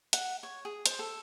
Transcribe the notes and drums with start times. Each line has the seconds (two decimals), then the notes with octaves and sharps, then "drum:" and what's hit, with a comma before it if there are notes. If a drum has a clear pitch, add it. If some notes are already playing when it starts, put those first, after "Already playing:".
0.13 F#5, drum: hi-hat
0.43 C#5
0.65 G#4
0.86 C5, drum: hi-hat
0.99 A4